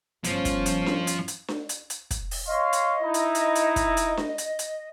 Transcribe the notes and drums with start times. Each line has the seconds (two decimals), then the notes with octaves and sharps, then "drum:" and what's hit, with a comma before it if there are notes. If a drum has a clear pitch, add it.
0.24 G1 F3 C#4, drum: hi-hat
0.45 drum: kick, hi-hat
0.66 drum: hi-hat
0.86 drum: snare D4
1.07 drum: hi-hat
1.28 drum: hi-hat
1.48 drum: snare D4
1.69 drum: hi-hat
1.90 drum: hi-hat
2.11 drum: kick, hi-hat
2.31 drum: open hi-hat
2.47 C#5 D#5 F5 C6
2.73 drum: hi-hat
3.02 D#4 E4
3.14 drum: hi-hat
3.35 drum: hi-hat
3.55 drum: hi-hat
3.76 drum: kick, hi-hat
3.97 drum: hi-hat
4.17 drum: snare D4
4.38 drum: hi-hat
4.59 drum: hi-hat